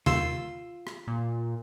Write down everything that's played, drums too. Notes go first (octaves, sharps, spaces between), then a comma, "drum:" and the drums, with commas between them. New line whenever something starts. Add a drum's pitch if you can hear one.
D#2 F4 C6 E6, drum: tom C3
drum: rim click
A#2